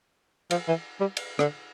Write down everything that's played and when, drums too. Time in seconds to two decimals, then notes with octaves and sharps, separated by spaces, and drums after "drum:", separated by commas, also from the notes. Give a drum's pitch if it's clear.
0.51 F3, drum: cymbal
0.68 E3
1.00 G3
1.17 drum: cymbal
1.39 D3, drum: rim click